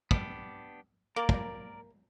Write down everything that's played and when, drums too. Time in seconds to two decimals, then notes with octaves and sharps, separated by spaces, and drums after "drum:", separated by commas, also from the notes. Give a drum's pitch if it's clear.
0.11 B3 D4 G4, drum: kick
1.16 A#3 A#4 D5
1.29 drum: kick